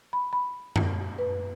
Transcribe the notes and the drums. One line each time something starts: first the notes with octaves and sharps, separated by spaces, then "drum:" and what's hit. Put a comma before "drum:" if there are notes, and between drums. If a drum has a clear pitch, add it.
B5
B5
drum: tom F#2
B4